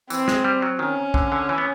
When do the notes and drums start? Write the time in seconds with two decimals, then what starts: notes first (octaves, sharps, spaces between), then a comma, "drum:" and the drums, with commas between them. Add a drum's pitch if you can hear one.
0.10 E3 C4, drum: tambourine
0.28 G#3, drum: snare
0.44 G3
0.62 F#3
0.79 D#3 C#4
1.14 D3, drum: kick B1
1.32 D3
1.49 E3
1.58 B3